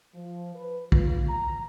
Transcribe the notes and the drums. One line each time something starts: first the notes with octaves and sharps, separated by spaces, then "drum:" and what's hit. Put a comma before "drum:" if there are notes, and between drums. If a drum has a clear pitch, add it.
F3
B4
F4, drum: kick
A#5